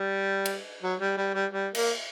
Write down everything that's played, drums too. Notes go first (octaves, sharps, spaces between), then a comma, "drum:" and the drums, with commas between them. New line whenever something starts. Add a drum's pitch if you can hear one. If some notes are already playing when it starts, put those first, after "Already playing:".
Already playing: G3
drum: cymbal
F#3
G3
G3
G3
G3
A#3, drum: cymbal